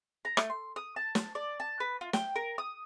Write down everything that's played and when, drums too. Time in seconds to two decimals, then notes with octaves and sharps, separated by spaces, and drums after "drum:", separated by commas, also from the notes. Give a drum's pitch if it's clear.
0.25 A#5
0.37 A3, drum: rim click
0.50 C6
0.76 D#6
0.96 A5
1.15 drum: snare
1.35 D5
1.60 A5
1.80 B4
2.01 F4
2.13 G5, drum: snare
2.36 A#4
2.58 D#6